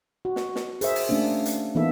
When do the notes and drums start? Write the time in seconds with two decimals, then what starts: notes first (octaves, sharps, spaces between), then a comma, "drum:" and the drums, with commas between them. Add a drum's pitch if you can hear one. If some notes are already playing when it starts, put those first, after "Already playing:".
0.25 F#4
0.36 drum: snare
0.55 drum: snare
0.81 G#4 A#4 C5 E5, drum: hi-hat
0.96 drum: open hi-hat
1.09 A3 A#3 C#4 D4
1.46 drum: hi-hat
1.75 E3 A#3 B3 D#4 A4 E5